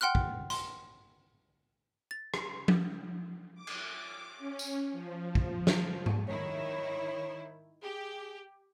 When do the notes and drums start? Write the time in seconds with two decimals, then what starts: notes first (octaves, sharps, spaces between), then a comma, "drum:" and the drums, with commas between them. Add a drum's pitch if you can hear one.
0.01 F#5 G5 C6 F6 F#6
0.15 drum: kick
0.50 C6, drum: hi-hat
2.11 A6
2.34 drum: rim click
2.68 drum: tom F3
3.54 D6
3.67 drum: cymbal
4.38 C#4
4.59 drum: tambourine
4.92 F3
5.35 drum: kick
5.67 drum: snare
6.06 drum: tom G#2
6.28 D#3 E4 C#5
7.83 G4 G#4